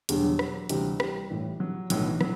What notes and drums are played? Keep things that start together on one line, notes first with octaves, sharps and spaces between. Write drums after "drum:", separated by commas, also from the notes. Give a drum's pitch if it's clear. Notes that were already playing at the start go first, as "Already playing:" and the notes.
E1 E2 D3 G3, drum: hi-hat
F#3
drum: rim click
D2 C3 E3 G3, drum: hi-hat
G3, drum: rim click
A1 A2 E3
F#3
B1 A2 E3 F#3, drum: hi-hat
E3
F#3, drum: rim click